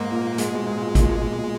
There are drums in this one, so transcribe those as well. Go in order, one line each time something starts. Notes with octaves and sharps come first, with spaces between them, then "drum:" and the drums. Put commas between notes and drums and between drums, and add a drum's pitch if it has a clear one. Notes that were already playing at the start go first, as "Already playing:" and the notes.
Already playing: G#2 A#3
A#2
G#2 G#3, drum: hi-hat
B2
G#2
A#2
A#2, drum: kick G#1, hi-hat
B2
A#2
A#2